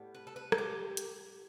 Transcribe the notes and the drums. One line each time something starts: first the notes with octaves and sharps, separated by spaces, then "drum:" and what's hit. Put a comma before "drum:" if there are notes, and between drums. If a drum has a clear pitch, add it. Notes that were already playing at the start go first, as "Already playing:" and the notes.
Already playing: A2 G3 B3
B4
A4
B4
A4, drum: rim click
G4
drum: hi-hat